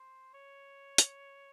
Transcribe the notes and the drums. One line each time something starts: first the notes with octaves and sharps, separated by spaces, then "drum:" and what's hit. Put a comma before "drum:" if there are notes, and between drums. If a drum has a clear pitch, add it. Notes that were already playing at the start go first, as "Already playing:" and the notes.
Already playing: C5
C#5
drum: hi-hat